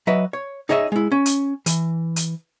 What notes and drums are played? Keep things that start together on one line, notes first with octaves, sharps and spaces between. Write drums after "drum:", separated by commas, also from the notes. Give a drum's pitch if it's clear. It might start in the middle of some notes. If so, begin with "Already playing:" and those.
F#3 B4 D#5 E5
C#5
D#4 G#4 C#5 D#5 E5
G#3 E4
C#4
drum: hi-hat
E3, drum: hi-hat
drum: hi-hat